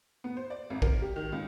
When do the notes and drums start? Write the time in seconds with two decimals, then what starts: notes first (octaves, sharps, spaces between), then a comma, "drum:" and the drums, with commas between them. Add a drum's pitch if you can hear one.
0.24 B3
0.37 C5
0.50 D5
0.70 G#1
0.82 A#4, drum: kick
1.02 G4
1.16 D#3
1.32 C#2